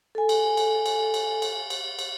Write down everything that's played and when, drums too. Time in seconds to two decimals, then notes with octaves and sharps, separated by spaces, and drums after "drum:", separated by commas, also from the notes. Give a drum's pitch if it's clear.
0.15 A4 G#5
0.29 drum: cymbal
0.57 drum: cymbal
0.86 drum: cymbal
1.14 drum: cymbal
1.42 drum: cymbal
1.70 drum: cymbal
1.99 drum: cymbal